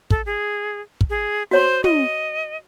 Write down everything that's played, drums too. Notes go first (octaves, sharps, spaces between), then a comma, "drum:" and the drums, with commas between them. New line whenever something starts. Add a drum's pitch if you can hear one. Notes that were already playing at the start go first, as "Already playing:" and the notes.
A4, drum: kick
G#4
drum: kick
G#4
F#4 C5 C#5 C6
D#5, drum: tom